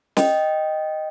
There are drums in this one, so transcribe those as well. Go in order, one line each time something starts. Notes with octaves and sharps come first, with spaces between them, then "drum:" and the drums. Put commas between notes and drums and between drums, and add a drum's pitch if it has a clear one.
D#5 G5, drum: snare